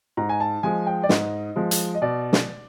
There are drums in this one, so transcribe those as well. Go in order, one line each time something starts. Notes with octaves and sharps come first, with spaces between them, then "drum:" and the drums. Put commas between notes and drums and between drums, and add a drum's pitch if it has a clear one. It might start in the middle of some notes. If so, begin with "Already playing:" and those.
G#2 A#5
G#5
A5
F3 G#3 G#5
G5
D5
G#2 D#5, drum: snare
F3 G#3
drum: hi-hat
D#5
B2 D5
drum: snare